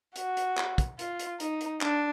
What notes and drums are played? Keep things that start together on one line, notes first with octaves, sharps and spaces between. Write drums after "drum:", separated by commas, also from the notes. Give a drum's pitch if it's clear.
F#4, drum: hi-hat
drum: hi-hat
drum: clap
drum: kick, hi-hat
F4, drum: hi-hat
drum: hi-hat
D#4, drum: hi-hat
drum: hi-hat
D4, drum: clap